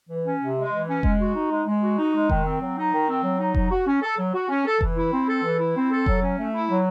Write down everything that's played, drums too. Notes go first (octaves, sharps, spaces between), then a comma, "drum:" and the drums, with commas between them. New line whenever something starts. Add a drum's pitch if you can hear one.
E3
C#4
C3
G#3
E3
C#4
G#3, drum: kick F1
F#4
D#4
G#3
G#3
F#4
D#4
G#3
D#3, drum: kick F1
C4
F#3
D#4
D#3
C4
F#3
D#4
F#3, drum: kick F1
F#4
C#4
A4
F#3
F#4
C#4
A4
E3, drum: kick F1
E4
C4
A4
E3
E4
C4
A4
F#3, drum: kick F1
C#4
A3
E4
F#3